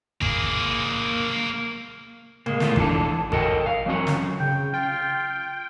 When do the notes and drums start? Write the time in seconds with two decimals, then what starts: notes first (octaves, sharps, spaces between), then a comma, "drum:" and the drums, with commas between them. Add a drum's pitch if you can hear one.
0.22 A#3 G#4, drum: kick G#1
2.46 G#3 A#3, drum: tom C3
2.60 B2 G#3 A3 F4, drum: snare
2.76 E3 D4 A4, drum: kick G#1
3.32 F#4 A4 A#4 D#5 F#5 G5, drum: kick G#1
3.66 F5
3.86 F#3 C4 C#4 F#4
4.07 drum: snare
4.40 C#3 G5
4.74 F4 G5